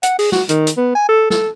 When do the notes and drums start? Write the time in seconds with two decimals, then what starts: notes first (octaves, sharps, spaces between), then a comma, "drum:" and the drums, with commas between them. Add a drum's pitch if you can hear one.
0.03 F#5, drum: hi-hat
0.19 G#4, drum: open hi-hat
0.32 F#4, drum: snare
0.49 D#3, drum: hi-hat
0.67 drum: hi-hat
0.77 B3
0.95 G#5
1.09 A4
1.30 A4, drum: snare